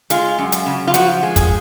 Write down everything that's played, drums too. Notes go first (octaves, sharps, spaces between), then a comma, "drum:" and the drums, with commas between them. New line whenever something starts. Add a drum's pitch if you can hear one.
G#3 F4, drum: hi-hat
F#2
drum: hi-hat
C#3
F4
F3 F#4, drum: hi-hat
G#3
G#4, drum: kick, hi-hat